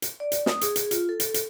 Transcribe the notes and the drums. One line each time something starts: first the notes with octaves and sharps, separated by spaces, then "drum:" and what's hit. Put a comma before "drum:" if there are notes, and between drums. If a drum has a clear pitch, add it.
drum: hi-hat
D5
drum: hi-hat
D#6, drum: snare
G#4, drum: hi-hat
drum: hi-hat
F4, drum: hi-hat
A4
drum: hi-hat
drum: hi-hat